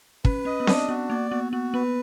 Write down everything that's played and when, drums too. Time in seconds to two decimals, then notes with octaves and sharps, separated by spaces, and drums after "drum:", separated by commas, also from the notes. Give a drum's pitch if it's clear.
0.25 C#4 B4, drum: kick
0.45 C#4 D#5
0.60 B3
0.67 C4 D4, drum: snare C4
0.89 B3 F#4
1.10 A#3 D5
1.31 B3 F#4
1.52 B3 F#4
1.74 B3 B4